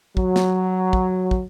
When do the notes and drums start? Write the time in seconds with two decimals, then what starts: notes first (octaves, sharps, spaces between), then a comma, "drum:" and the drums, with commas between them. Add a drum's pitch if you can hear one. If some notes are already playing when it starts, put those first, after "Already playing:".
0.17 F#3, drum: kick
0.36 drum: snare
0.93 drum: kick
1.31 drum: kick